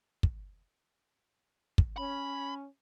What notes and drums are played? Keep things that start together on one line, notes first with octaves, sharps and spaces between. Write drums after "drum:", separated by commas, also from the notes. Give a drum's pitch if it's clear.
drum: kick
drum: kick
C#4 B5